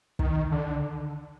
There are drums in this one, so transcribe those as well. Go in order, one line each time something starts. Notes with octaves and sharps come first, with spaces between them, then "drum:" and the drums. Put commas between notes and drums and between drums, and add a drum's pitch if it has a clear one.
D#3, drum: kick
D3